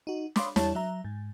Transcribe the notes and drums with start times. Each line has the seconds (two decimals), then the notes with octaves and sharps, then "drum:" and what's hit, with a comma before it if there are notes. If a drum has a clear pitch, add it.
0.07 D#4 F#4
0.36 C#5 F5 B5 C6 D6 D#6, drum: snare
0.56 E2 G3 E4 C#5 A5 A6, drum: snare
0.75 F#3 E5 A#5
1.04 G#2